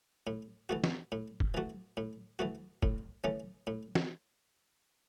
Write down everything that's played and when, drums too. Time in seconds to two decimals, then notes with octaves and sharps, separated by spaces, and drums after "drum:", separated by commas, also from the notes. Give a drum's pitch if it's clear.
0.27 A2
0.69 E3 A3 F#4
0.84 drum: snare
1.12 A2
1.40 drum: kick
1.54 E3 A3 F#4
1.97 A2
2.39 E3 A3 F#4
2.83 A2, drum: kick
3.24 E3 A3 C#4
3.67 A2
3.95 drum: snare